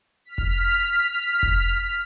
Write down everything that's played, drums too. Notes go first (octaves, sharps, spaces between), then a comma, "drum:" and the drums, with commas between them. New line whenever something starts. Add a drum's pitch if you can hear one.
F6 B6
drum: kick F1
drum: kick F1